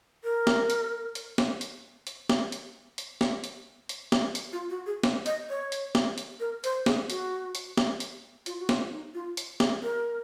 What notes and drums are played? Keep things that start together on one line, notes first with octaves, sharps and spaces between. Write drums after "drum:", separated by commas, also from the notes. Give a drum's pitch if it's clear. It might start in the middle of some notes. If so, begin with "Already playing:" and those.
A#4
drum: snare
drum: hi-hat
drum: hi-hat
drum: snare
drum: hi-hat
drum: hi-hat
drum: snare
drum: hi-hat
drum: hi-hat
drum: snare
drum: hi-hat
drum: hi-hat
drum: snare
drum: hi-hat
F4
F#4
G#4
drum: snare
D#5, drum: hi-hat
C#5
drum: hi-hat
drum: snare
drum: hi-hat
A#4
C5, drum: hi-hat
G#4, drum: snare
F#4, drum: hi-hat
drum: hi-hat
drum: snare
drum: hi-hat
F4, drum: hi-hat
F#4
F4, drum: snare
D#4
F4
drum: hi-hat
G#4, drum: snare
A#4